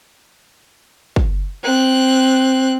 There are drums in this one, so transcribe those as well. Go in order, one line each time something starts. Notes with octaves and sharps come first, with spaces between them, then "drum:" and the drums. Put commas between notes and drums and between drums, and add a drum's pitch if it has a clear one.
drum: kick
C4 F#6